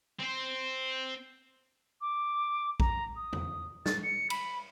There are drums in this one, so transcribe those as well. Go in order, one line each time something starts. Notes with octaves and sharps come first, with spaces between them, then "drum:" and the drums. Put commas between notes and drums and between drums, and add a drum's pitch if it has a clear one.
C4 C5
D6
A#5, drum: kick A#1
D#6
drum: tom
A6, drum: snare
C#7
B5, drum: cymbal